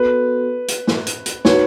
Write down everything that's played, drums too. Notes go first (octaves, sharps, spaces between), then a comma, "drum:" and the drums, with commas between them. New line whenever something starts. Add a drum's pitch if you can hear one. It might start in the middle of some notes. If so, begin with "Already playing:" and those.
Already playing: B3 F#4 A4 B4
drum: hi-hat
drum: snare
drum: hi-hat
drum: hi-hat
D#4 F#4 B4 C#5, drum: snare